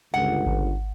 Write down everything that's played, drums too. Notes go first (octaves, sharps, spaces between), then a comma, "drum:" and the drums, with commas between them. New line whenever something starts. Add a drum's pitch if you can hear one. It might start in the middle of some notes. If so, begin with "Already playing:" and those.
G1 C#2 F#5
drum: kick G#1